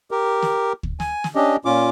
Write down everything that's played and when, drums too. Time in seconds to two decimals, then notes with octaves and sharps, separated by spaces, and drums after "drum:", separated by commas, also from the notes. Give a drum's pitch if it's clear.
0.11 G4 A#4
0.42 drum: snare
0.83 drum: kick D2
1.00 G#5, drum: snare
1.24 drum: snare
1.35 C#4 D4 G4 D#5
1.65 A#2 C#4 F4 D6